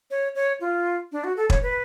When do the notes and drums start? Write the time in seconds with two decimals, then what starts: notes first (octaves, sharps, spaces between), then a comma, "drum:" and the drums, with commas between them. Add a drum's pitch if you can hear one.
0.11 C#5
0.35 C#5
0.61 F4
1.12 D4
1.24 F#4
1.37 A4
1.50 C#5, drum: kick
1.63 B4